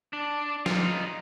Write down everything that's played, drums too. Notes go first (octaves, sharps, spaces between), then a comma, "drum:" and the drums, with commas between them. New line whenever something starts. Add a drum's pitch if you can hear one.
D4
D#4 F4, drum: snare